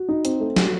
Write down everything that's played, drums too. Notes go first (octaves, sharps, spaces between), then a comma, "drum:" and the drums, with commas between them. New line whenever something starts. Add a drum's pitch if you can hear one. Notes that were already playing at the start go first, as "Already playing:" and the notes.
Already playing: F#4
D#4
C4, drum: hi-hat
A3
F#4, drum: snare